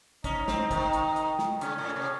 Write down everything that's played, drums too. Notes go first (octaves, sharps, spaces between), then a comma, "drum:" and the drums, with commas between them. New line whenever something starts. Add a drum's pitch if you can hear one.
C#4 D#4, drum: kick, hi-hat
C4, drum: snare
D#3, drum: kick, hi-hat
drum: hi-hat
drum: hi-hat
drum: snare
C#3 C#4, drum: hi-hat
A2
C3